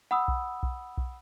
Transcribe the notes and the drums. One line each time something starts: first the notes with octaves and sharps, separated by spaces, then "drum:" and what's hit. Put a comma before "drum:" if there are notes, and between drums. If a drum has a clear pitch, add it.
F#5 B5 D#6 E6
drum: kick B1
drum: kick B1
drum: kick B1